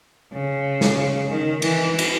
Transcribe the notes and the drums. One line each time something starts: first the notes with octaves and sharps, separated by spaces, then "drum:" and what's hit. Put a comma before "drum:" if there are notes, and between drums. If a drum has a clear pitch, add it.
C#3
drum: snare
D#3
E3, drum: cymbal
drum: cymbal